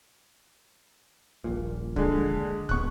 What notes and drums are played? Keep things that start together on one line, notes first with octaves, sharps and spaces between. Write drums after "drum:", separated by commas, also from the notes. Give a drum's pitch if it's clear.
D#1 A#1 A#2
D3 G#3, drum: kick
D1 B3 C#6 F#6, drum: kick